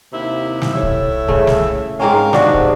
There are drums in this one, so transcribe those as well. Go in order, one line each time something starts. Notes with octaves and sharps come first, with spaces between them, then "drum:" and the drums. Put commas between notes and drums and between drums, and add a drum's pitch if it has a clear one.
D#2 C3 E4
drum: snare
A2 C#5 E5
drum: kick
C#3 A3, drum: kick
drum: snare
G#2 C4 C#4 A#4 F5
D#2 G#2 D4 F#4, drum: snare
drum: kick